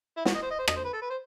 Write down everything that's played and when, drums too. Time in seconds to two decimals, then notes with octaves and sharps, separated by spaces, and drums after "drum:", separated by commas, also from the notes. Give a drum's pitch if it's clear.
0.17 E4
0.25 F#4, drum: snare
0.34 D#5
0.42 C5
0.51 D#5
0.59 C5
0.68 D#5, drum: rim click
0.76 C5
0.85 B4
0.93 A4
1.01 B4
1.10 C5